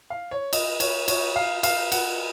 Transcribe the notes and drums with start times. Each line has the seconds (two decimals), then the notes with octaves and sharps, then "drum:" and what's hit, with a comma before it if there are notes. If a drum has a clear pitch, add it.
0.10 F5
0.31 C#5
0.53 D#5, drum: cymbal
0.80 C#5, drum: cymbal
1.08 C#5, drum: cymbal
1.36 F5
1.63 F5, drum: cymbal
1.92 F#5, drum: cymbal